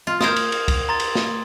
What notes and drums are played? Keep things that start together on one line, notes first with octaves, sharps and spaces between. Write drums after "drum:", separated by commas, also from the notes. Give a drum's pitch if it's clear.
F4
F4 A#4 C5 D#6 G#6, drum: snare
drum: cymbal
drum: cymbal
drum: kick, cymbal
A#5 C6 A6
drum: cymbal
drum: snare